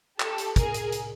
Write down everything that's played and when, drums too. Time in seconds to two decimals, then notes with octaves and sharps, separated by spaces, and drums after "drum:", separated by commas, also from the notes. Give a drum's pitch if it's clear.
0.20 G4 A4, drum: clap
0.38 drum: hi-hat
0.56 G#4 A#4, drum: kick, hi-hat
0.74 drum: hi-hat
0.92 drum: hi-hat